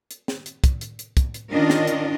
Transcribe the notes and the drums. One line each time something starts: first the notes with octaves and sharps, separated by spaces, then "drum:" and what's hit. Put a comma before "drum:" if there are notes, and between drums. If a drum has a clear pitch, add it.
drum: hi-hat
drum: snare
drum: hi-hat
drum: kick, hi-hat
drum: hi-hat
drum: hi-hat
drum: kick, hi-hat
drum: hi-hat
D#3 C#4 D4 F4 A#4 D#5
drum: snare
drum: hi-hat